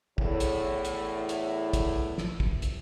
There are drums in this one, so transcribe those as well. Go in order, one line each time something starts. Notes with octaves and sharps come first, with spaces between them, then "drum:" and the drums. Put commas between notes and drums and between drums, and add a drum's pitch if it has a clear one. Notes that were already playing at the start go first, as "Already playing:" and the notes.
E2 A2 E4, drum: kick
drum: hi-hat
drum: hi-hat
drum: hi-hat
drum: kick, hi-hat
drum: snare
drum: kick
drum: hi-hat